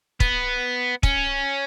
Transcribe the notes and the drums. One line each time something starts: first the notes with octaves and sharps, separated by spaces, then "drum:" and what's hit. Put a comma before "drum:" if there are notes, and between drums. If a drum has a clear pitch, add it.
B3, drum: kick
C#4, drum: kick